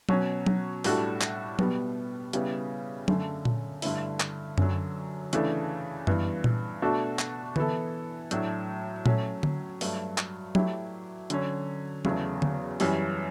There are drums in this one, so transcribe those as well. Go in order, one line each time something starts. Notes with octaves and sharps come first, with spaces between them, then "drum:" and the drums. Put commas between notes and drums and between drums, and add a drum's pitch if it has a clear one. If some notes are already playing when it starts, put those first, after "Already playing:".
B2 F#3 C#4 F#4, drum: tom F#3
drum: tom F#3
A2 G3 D4 F#4 A4, drum: open hi-hat
drum: clap
B2 G3 B3, drum: tom F#3
C#3 G3 B3 E4, drum: hi-hat
F#2 D3 A3, drum: tom F#3
drum: tom A#2
G2 D3 A3 E4, drum: open hi-hat
drum: clap
F#2 D3 F#3, drum: tom F#2
C#3 E3 A3 D4 A4, drum: hi-hat
G2 E3 B3, drum: tom F#2
drum: tom A#2
B2 A3 D4 F#4 A4
drum: clap
E3 B3 E4 A4, drum: tom D3
A2 F#3 A3 D4, drum: hi-hat
F#3 A3 C#4, drum: tom A#2
drum: tom D3
G2 F#3 A3, drum: open hi-hat
drum: clap
F#3 A3 E4 G4, drum: tom F#3
D3 F#3 C#4, drum: hi-hat
E2 C#3 F#3 A3, drum: tom F#3
drum: tom D3
F#2 E3 G3 C#4, drum: open hi-hat